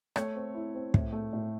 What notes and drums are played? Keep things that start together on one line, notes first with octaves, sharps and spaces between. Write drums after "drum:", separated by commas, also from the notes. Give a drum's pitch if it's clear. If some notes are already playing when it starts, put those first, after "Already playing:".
A3 C#5, drum: rim click
C4
E4
C4
A2, drum: kick
A3
A2